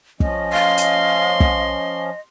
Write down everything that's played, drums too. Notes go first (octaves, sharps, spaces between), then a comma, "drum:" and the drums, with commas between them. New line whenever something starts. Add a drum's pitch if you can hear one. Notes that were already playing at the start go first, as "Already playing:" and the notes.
F3 C#4 D#5, drum: kick
F5 C6
drum: hi-hat
drum: kick